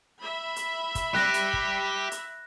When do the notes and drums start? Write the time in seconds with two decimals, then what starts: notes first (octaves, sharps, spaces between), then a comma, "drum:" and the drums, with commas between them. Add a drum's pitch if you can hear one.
0.20 E5 B5
0.56 drum: hi-hat
0.95 drum: kick, hi-hat
1.15 G4 D5 F#6 A#6, drum: snare C4
1.34 drum: hi-hat
1.53 drum: kick
2.12 drum: hi-hat